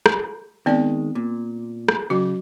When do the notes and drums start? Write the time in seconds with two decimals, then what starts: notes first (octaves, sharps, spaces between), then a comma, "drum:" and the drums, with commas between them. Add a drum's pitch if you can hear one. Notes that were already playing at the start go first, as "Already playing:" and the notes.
0.06 drum: rim click
0.66 D#3 G#3 B3 C4 D5
1.15 A#2
1.88 drum: rim click
2.10 C#3 F#3 F#4